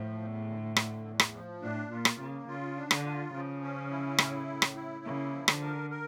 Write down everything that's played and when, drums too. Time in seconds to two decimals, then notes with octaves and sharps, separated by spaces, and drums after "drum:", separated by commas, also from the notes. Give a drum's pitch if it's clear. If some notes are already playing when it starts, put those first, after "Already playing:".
Already playing: A2 F3
0.20 E2
0.48 D3
0.76 D3, drum: rim click
1.05 E2
1.19 drum: rim click
1.34 F3
1.62 A2 D4
1.91 A#2 F4
2.05 drum: rim click
2.19 C#3 A#3
2.48 C#3 F4
2.77 D4
2.91 D3, drum: rim click
3.05 F4
3.34 C#3 F3
3.62 C#4
3.90 E4
4.18 A2, drum: rim click
4.47 A2
4.62 drum: rim click
4.76 E4
5.05 C#3 A#3
5.33 F3
5.48 D3, drum: rim click
5.62 A#4
5.90 A#4